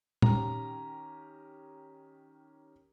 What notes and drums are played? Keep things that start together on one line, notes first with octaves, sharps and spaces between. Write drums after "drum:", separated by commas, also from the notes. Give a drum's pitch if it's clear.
D#3 C#4 G4 A#5, drum: tom A#2